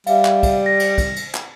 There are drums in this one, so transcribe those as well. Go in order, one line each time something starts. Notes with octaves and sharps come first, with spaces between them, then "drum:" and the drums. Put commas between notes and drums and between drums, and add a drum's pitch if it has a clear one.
G3 E5 F5, drum: cymbal
drum: clap
drum: kick, cymbal
A#6
drum: cymbal
drum: kick, cymbal
drum: cymbal
drum: clap